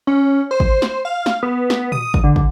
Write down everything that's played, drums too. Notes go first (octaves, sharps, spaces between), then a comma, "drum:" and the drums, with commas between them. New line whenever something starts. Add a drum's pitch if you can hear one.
C#4
C5
drum: kick
drum: snare
F5
drum: snare
B3
drum: snare
D#6, drum: tom A#2
drum: kick
D3
drum: kick